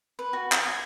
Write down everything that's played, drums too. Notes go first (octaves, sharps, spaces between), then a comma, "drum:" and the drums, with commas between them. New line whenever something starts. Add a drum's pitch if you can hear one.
B4
F#4
D#6, drum: clap
G#5